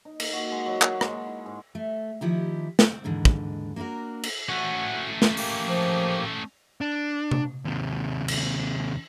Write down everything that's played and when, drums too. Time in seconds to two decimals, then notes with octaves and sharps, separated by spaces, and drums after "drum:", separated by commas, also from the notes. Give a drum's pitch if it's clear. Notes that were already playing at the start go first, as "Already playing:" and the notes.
0.05 D#4
0.20 A#3, drum: cymbal
0.33 F#4
0.52 G#3
0.66 F#3
0.82 A#3, drum: clap
1.01 G#3, drum: rim click
1.27 E4
1.46 G#2
1.75 A3
2.21 D#3 F3 E4 G4
2.79 C4, drum: snare
3.04 D#2 G#2 D3 E3
3.25 drum: kick
3.76 A#3 D4 F4 F#4 A#4
4.23 drum: cymbal
4.49 A3 C#4 F#4 F#5 C#6
5.22 drum: snare
5.37 A#3 G4, drum: open hi-hat
5.64 F3
6.81 D4
7.31 drum: tom C3
7.65 D#2 C3
8.28 drum: cymbal